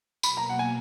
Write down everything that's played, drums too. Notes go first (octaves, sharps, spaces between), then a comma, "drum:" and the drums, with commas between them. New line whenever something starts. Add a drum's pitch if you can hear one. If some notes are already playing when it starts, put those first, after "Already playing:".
B2 F#3 A#3 B5, drum: tambourine
A#5
F#5
G#5